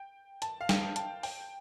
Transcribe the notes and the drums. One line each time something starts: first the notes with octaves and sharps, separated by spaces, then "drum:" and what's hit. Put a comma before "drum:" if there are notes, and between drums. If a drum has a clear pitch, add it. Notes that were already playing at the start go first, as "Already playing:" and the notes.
Already playing: G5
A5, drum: hi-hat
F5
G5, drum: snare
A5, drum: hi-hat
G5, drum: open hi-hat